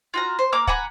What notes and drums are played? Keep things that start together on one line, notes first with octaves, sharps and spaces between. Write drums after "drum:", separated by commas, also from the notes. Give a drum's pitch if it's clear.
F4 F#4 A#5
C5
A#3 A#5 D6 E6
F#5 G#5 A#5 B5, drum: kick